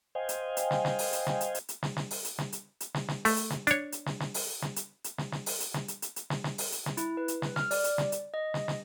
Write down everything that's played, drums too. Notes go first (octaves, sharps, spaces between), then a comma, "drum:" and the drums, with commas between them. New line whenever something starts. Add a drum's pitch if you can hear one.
C5 D#5 F5 G5 G#5
drum: hi-hat
drum: hi-hat
drum: snare
drum: snare
drum: open hi-hat
drum: hi-hat
drum: snare
drum: hi-hat
drum: hi-hat
drum: hi-hat
drum: snare
drum: snare
drum: open hi-hat
drum: hi-hat
drum: snare
drum: hi-hat
drum: hi-hat
drum: snare
drum: snare
A3, drum: open hi-hat
drum: hi-hat
drum: snare
D4 C#5, drum: hi-hat
drum: hi-hat
drum: snare
drum: snare
drum: open hi-hat
drum: snare
drum: hi-hat
drum: hi-hat
drum: snare
drum: snare
drum: open hi-hat
drum: hi-hat
drum: snare
drum: hi-hat
drum: hi-hat
drum: hi-hat
drum: snare
drum: snare
drum: open hi-hat
drum: hi-hat
drum: snare
E4, drum: hi-hat
B4
drum: hi-hat
drum: snare
F6, drum: snare
D5, drum: open hi-hat
drum: hi-hat
drum: snare
drum: hi-hat
D#5
drum: snare
drum: snare